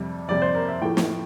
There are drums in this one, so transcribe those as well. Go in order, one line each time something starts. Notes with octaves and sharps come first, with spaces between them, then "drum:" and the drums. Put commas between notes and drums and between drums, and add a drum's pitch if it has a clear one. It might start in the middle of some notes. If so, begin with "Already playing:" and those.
Already playing: F2 C3 G3
F2 C3 G3 D5
C5
A#4
E5
A2 F3 A3 G5
drum: snare